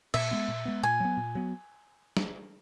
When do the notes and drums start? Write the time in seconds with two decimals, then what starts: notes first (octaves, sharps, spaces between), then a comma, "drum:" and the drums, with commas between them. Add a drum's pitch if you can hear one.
0.14 A#2 E5, drum: cymbal
0.31 G#3 B3
0.48 A#2
0.65 G#3 B3
0.83 A#2 G#5
1.00 F#3 B3
1.17 A#2
1.35 F#3 B3
2.17 drum: snare